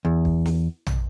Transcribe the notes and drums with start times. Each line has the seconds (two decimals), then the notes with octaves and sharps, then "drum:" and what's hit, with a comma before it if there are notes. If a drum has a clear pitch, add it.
0.05 E2
0.25 drum: kick
0.46 drum: snare
0.86 drum: tom A#1